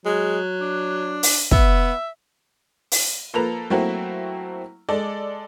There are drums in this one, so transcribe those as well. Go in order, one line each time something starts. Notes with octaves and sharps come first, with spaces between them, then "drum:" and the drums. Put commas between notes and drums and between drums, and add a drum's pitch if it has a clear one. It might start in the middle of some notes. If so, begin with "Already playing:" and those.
F#3 G#3
D4
drum: open hi-hat
B3 E5, drum: kick
drum: open hi-hat
F3 A#3 A4 B4 A#5 F7
F#3 A3 A#3 C4 E4 F#4
G#3 A4 D5